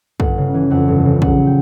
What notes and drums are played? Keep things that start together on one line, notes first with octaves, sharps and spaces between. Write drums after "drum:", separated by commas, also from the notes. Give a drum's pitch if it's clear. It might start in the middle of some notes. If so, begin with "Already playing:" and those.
G1 F#5, drum: kick
C#3
E3
F2 F#5
G1
C#3
A#1 F#5, drum: kick
F#3
G5